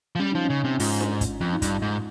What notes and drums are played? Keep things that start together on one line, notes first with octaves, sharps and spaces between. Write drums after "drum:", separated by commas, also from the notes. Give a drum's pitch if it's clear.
F3
G3 C#4
F3 D#4
C#3 C#4
C3
G#2 F4, drum: open hi-hat
drum: snare D4
drum: kick, hi-hat
F2 F4
D#4
G2 F4, drum: kick, hi-hat
G#2